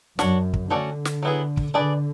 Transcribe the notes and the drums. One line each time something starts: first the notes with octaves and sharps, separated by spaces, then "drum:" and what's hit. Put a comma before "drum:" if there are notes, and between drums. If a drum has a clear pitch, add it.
F#2 D4 F#4 C#5, drum: snare
drum: kick
D3 A3 C#4 F#4 A4 D5
drum: snare
F#3 B3 E4 G#4
drum: kick
D3 D4 G#4 B4 D5